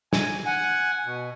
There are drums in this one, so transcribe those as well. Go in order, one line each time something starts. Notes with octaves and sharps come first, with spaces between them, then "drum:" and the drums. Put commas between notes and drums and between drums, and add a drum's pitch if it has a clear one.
G#5, drum: snare
F#5 G#5
B2